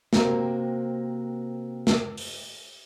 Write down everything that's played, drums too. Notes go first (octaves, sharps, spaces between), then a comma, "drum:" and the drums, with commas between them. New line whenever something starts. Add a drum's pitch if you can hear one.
C3 A#3 C4 F#4 A#4, drum: snare
drum: snare
drum: open hi-hat